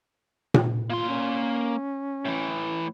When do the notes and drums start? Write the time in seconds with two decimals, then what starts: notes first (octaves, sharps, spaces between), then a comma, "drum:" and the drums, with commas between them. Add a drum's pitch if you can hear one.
0.54 drum: tom A#2
0.90 A#3 F4 C6
1.09 C#4
2.25 A2 E3